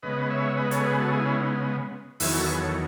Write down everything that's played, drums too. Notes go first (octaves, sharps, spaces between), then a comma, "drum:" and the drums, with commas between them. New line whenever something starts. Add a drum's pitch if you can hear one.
C#3 G#3 B3 B4 D#5
C#5 E5
B4 D#5
A4 C#5, drum: hi-hat
G#4 B4
F#4 A4
E4 G#4
C#4 E4
D#4
E2 D#3 F#3 E4 G#4, drum: open hi-hat
F#4 A4
G#4 B4
A4 C#5